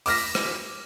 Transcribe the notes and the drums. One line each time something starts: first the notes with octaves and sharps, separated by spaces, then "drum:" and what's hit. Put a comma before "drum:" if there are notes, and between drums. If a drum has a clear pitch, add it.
D6 F6 A#6 B6, drum: open hi-hat
drum: rim click